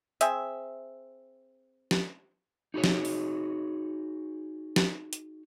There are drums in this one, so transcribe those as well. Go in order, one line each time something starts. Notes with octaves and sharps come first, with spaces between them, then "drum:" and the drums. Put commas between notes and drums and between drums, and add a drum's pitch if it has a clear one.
C4 G#4 E5, drum: hi-hat
drum: snare
D#4 F#4 G#4 C#5
drum: snare
drum: open hi-hat
drum: snare
drum: hi-hat